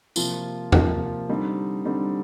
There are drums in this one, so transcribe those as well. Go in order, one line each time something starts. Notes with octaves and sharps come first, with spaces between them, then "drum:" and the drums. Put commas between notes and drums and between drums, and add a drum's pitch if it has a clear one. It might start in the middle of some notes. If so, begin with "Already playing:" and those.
C3 F3 A#3 F4, drum: tambourine
C3 F3 A#3 F4, drum: tom E2
D3 G3 C4 D#4
D3 G3 C4 D#4